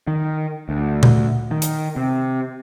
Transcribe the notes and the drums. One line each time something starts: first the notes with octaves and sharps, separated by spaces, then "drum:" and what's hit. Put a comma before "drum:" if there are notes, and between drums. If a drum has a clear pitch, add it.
D#3
D2
drum: tom A#2
D#3
drum: hi-hat
C3